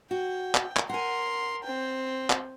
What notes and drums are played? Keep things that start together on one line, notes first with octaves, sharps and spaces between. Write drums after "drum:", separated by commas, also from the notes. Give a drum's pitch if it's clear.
F#4 G5
drum: clap
drum: clap
A#4 F#5 G#5 C6
C4 G5
drum: clap